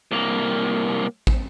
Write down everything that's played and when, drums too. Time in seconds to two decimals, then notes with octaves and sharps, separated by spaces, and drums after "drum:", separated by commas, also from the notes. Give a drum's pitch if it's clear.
0.11 C2 A#3
1.27 drum: kick